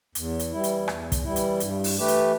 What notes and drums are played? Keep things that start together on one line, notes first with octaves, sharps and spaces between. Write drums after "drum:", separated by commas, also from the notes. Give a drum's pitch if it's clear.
E2, drum: hi-hat
drum: hi-hat
E3 G3 E4
drum: hi-hat
E2, drum: rim click
drum: kick, hi-hat
E3 G3 E4
drum: hi-hat
G2, drum: hi-hat
drum: open hi-hat
E3 A3 G4 B4
drum: hi-hat